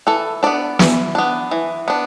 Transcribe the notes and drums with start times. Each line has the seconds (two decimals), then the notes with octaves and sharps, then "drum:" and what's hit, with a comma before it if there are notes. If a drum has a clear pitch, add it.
0.07 E3 A4
0.43 B3 D4 D5
0.79 E3, drum: snare
1.15 B3 D4
1.51 E3
1.88 B3 D4